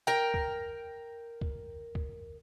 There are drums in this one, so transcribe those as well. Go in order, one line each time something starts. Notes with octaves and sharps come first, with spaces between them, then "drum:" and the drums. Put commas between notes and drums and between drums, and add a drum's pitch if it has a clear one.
A#4 G5
drum: kick
drum: kick
drum: kick